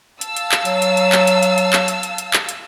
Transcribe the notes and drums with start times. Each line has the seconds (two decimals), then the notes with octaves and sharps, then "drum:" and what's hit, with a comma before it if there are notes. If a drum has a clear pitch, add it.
0.21 F5 A5 E6, drum: hi-hat
0.36 drum: hi-hat
0.52 drum: clap
0.65 F#3, drum: hi-hat
0.82 drum: hi-hat
0.97 drum: hi-hat
1.12 drum: clap
1.27 drum: hi-hat
1.43 drum: hi-hat
1.58 drum: hi-hat
1.73 drum: clap
1.88 drum: hi-hat
2.03 drum: hi-hat
2.18 drum: hi-hat
2.33 drum: clap
2.49 drum: hi-hat